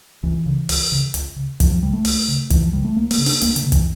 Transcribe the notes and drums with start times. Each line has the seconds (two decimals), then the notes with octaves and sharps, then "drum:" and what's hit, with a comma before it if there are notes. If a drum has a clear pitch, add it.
0.23 C#2 E3
0.46 C#3
0.69 C#2, drum: open hi-hat
0.92 C#3
1.14 C#2, drum: hi-hat
1.36 C#3
1.60 C#2 F3, drum: kick, hi-hat
1.71 F3
1.82 C#3 G3
1.93 A3
2.05 C#2, drum: open hi-hat
2.28 C#3
2.50 C#2 E3, drum: kick, hi-hat
2.62 F3
2.73 C#3 G3
2.85 A3
2.95 C#2 A#3
3.11 A#3, drum: open hi-hat
3.18 C#3
3.26 D4, drum: open hi-hat
3.41 C#2 A#3, drum: hi-hat
3.56 D3, drum: hi-hat
3.63 C#3
3.72 E3, drum: kick, hi-hat